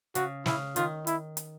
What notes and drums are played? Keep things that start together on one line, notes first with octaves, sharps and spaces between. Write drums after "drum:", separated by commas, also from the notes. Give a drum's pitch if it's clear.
C#3 F#4, drum: hi-hat
C#3 E4, drum: snare
D#3 F4, drum: hi-hat
E4, drum: hi-hat
drum: hi-hat